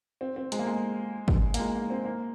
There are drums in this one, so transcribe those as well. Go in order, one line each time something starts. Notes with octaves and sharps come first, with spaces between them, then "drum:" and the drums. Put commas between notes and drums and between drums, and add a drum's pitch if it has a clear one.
C4
C4
G#3, drum: hi-hat
A#3
G#3
drum: kick
A#3, drum: hi-hat
G#3
A#3
C4
A#3